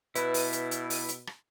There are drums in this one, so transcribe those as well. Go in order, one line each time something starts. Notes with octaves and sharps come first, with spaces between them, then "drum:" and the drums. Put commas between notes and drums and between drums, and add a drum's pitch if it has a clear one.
B2 E4 B4, drum: hi-hat
drum: open hi-hat
drum: hi-hat
drum: hi-hat
drum: open hi-hat
drum: hi-hat
drum: rim click